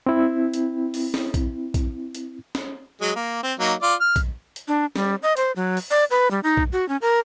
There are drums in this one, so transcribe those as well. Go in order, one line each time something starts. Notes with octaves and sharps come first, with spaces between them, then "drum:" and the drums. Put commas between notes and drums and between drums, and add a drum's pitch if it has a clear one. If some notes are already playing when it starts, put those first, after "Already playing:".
C4 E4
drum: hi-hat
drum: open hi-hat
drum: snare
drum: kick, hi-hat
drum: kick, hi-hat
drum: hi-hat
drum: snare
F#3 G#3
A#3
C4
F#3 A#3 D#4
F4 D5
F6
drum: kick, hi-hat
drum: hi-hat
D4
G3, drum: snare
D#5
C5, drum: hi-hat
F#3
drum: open hi-hat
D5
B4
G3
D#4
drum: kick
F#4
C#4
A#4